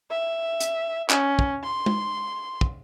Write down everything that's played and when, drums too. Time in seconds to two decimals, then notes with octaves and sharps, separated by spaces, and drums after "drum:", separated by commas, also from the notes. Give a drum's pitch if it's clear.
0.10 E5
0.60 drum: hi-hat
1.10 C#4, drum: clap
1.39 drum: kick
1.64 C6
1.86 drum: tom G#3
2.61 drum: kick